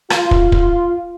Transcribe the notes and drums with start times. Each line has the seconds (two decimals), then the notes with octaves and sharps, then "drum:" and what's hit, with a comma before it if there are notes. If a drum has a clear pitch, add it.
0.10 F4, drum: rim click
0.31 drum: kick
0.52 drum: kick